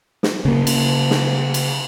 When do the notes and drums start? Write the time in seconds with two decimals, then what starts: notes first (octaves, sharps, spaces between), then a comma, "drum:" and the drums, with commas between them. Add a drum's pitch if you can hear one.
0.23 drum: snare
0.45 C#3 A#3
0.67 drum: cymbal
1.10 drum: snare
1.54 drum: cymbal